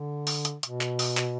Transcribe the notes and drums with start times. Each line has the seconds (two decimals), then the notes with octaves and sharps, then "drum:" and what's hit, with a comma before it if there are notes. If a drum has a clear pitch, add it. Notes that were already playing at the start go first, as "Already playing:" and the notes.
Already playing: D3
0.27 drum: open hi-hat
0.45 drum: hi-hat
0.63 B2, drum: hi-hat
0.81 drum: clap
0.99 drum: open hi-hat
1.17 drum: clap